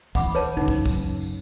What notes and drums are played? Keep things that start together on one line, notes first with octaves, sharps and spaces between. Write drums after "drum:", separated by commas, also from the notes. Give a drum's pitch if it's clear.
E3 F#5 B5 D6, drum: kick, tambourine
B4 C#5 A5
F#2 C#3 D#4
drum: kick
drum: kick, tambourine
drum: tambourine